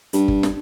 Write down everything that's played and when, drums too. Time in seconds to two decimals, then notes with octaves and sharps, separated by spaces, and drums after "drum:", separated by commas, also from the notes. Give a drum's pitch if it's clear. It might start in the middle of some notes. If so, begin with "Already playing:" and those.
0.13 G2, drum: hi-hat
0.28 drum: kick G1
0.43 drum: snare